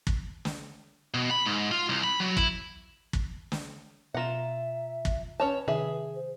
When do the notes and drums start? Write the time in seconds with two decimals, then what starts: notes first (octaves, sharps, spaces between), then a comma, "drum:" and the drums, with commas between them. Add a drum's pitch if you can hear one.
0.07 drum: kick
0.45 drum: snare
1.14 B2
1.31 B5
1.46 G#2
1.72 F4
1.89 C2
2.04 B5
2.20 F#3
2.37 E4, drum: kick
3.13 drum: kick
3.52 drum: snare
4.14 B2 F4 E5 F#5 A#5 E7
5.05 drum: kick
5.40 C#4 B4 C#5 A5
5.68 C3 D#3 G#4 E5
6.14 C5